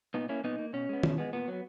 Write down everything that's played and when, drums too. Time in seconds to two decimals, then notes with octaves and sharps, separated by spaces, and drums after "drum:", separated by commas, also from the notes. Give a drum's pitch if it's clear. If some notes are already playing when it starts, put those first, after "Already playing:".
0.14 A#2 B3 D#4
0.29 A#3 C#4 E4
0.44 A#2 B3 D#4
0.59 A#3
0.73 B2 C#4
0.89 G#3 B3
1.03 B2, drum: tom
1.18 G#3 B3
1.33 A#2 B3
1.48 F#3 B3